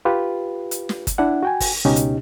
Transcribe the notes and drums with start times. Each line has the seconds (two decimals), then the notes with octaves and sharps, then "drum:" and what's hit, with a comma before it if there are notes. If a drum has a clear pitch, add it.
0.05 F4 G4 B4
0.71 drum: hi-hat
0.89 drum: snare
1.07 drum: kick G1, hi-hat
1.18 D4 E4 F#5
1.43 F#4 G5 G#5
1.60 drum: kick G1, open hi-hat
1.85 C#2 B2 C#4 D#4 G4
1.96 drum: hi-hat